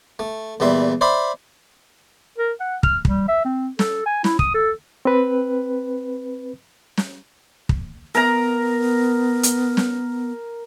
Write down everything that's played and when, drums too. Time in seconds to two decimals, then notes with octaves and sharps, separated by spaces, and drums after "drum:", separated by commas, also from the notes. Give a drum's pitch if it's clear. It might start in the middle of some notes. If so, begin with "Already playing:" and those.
0.19 A3
0.60 E2 A#2 G3 E5 C6
1.01 C5 D5 E5 B5 C6
2.38 A#4
2.60 F#5
2.83 F6, drum: kick
3.05 G3, drum: kick
3.28 E5
3.45 C4
3.79 A4, drum: snare
4.06 G#5
4.24 E4, drum: snare
4.39 D#6, drum: kick
4.54 A4
5.05 C4 B4
6.97 drum: snare
7.69 drum: kick
8.15 B3 A#4 A#5
9.43 drum: hi-hat
9.77 drum: snare